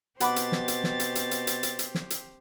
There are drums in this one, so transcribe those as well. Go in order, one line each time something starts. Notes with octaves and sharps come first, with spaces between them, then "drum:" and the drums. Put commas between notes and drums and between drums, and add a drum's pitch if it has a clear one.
B2 C4 G4 C5 F#5 B5 D6 A6, drum: hi-hat
drum: hi-hat
drum: snare
drum: hi-hat
drum: snare
drum: hi-hat
drum: hi-hat
drum: hi-hat
drum: hi-hat
drum: hi-hat
drum: hi-hat
drum: snare
drum: hi-hat